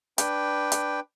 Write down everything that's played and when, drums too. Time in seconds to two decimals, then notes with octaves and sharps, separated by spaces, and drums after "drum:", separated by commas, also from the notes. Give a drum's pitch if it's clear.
0.18 D4 B4 G5, drum: hi-hat
0.72 drum: hi-hat